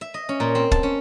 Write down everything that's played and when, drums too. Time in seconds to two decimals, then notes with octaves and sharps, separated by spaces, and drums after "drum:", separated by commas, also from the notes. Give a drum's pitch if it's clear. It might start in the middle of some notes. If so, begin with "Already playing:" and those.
0.01 E5
0.14 D#5
0.29 C#4
0.40 A#2
0.55 C4
0.71 A5, drum: kick
0.83 C#4